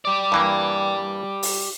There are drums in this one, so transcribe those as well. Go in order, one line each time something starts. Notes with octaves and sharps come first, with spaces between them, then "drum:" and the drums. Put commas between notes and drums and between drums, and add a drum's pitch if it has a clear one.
G4 D5
G2 E3 A#3
drum: open hi-hat